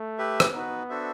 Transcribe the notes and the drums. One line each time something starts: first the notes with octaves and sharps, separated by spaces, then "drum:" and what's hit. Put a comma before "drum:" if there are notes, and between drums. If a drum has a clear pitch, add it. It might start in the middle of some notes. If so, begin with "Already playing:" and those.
Already playing: A3
G4 B4 E5
drum: rim click
B3 D#4 F#4 B4
D4 F#4 A4 C5 E5